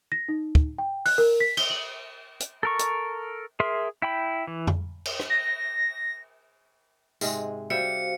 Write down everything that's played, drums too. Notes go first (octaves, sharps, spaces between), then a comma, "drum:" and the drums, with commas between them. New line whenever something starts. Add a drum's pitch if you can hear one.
A#6
D#4
drum: kick
G5
F#6, drum: open hi-hat
A#4
B6
G7, drum: cymbal
F#7
drum: hi-hat
A4 A#4 C#6
drum: hi-hat
G#4 A#4 E5 C6
E4 G5 B5
E3
drum: tom F2
drum: cymbal
drum: rim click
A#6
G#2 C3 G#3, drum: tambourine
G3 F#4 C5 E5 F5 G5 C#7